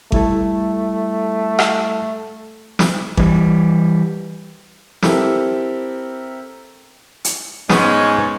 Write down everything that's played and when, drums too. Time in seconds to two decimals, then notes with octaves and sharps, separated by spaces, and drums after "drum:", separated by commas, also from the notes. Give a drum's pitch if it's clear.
0.12 G3 A3 E4 A4, drum: kick G#1
1.59 drum: rim click
2.79 drum: snare
3.17 E3 G3, drum: kick G#1
5.03 C4 E4 G4 A4 A#4, drum: snare
7.24 drum: hi-hat
7.69 G#2 G#3 B3 C#4 G#4, drum: snare